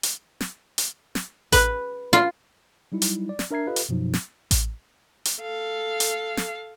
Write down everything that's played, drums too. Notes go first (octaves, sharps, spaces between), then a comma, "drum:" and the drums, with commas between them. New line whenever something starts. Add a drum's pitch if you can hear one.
drum: hi-hat
drum: snare
drum: hi-hat
drum: snare
B4, drum: kick A1, hi-hat
F4
F#3 G3 D#4 E4
drum: hi-hat
D5
drum: snare
D4 A#4 E5 A#5 G#6 C7
F4 G4 A4 B4 D#5 F5
drum: hi-hat
F#2 B2 F3 F#3 D#4
drum: snare
drum: kick A1, hi-hat
drum: hi-hat
A4 F5
drum: hi-hat
drum: snare